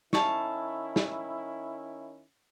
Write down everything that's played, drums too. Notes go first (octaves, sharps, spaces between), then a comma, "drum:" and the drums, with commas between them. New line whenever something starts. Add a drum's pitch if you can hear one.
D#3 C#4 E4 F5 A5 C#6, drum: snare
drum: snare